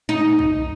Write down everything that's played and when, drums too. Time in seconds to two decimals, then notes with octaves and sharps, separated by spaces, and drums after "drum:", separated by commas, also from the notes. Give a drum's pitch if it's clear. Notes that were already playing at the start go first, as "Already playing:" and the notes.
0.09 D#4
0.39 drum: kick A#1